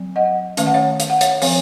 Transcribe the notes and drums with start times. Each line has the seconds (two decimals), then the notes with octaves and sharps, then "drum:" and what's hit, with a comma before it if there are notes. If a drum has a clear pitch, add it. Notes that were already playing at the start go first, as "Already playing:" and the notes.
Already playing: F#3 C4
0.16 D#5 F#5
0.57 D#3 A3 C#4 F5, drum: hi-hat
0.66 F#5
0.74 C#5 F5
1.00 F5, drum: hi-hat
1.10 F#5
1.21 C#5 F5, drum: hi-hat
1.42 F3 C4 C#5 F5, drum: open hi-hat